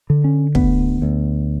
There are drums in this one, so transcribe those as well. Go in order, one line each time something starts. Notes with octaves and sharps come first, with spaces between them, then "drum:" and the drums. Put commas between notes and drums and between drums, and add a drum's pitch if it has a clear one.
D3
C#4
D2 B3, drum: kick
D2